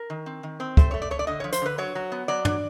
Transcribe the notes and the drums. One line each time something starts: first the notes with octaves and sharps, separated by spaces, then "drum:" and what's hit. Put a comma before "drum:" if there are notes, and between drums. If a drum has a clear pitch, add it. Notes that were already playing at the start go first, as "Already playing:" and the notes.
Already playing: A#4
D#3
C4
D#3
C4
A3 C5, drum: kick
A3 C#5
D5
A3 C#5
D5
D3 D#5
F3 C#5
C5, drum: hi-hat
D3 B4
F#3 C#5
F#3
B3
F#3 D5
D4, drum: tom